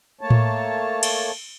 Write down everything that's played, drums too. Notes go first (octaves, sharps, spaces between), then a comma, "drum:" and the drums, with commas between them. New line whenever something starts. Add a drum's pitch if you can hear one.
A3 A#3 C#5 A5
drum: tom A2
drum: cymbal